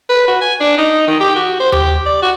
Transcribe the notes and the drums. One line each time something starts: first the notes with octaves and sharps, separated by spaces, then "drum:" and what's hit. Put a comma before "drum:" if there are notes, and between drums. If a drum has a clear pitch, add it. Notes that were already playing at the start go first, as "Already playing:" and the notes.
B4
F#4
G#5
D4
D#4
D#3
G4
F#4
C5
G4, drum: tom D#2
D5
F#4